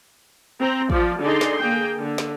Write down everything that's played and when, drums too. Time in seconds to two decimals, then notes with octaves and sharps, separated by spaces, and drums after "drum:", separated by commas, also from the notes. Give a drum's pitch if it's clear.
0.60 C4 A#5
0.90 F3 D5, drum: kick
1.21 D3 D#4 G#4 D5 C6
1.41 drum: snare
1.57 A#3 G#4 G5
1.97 D3
2.18 drum: snare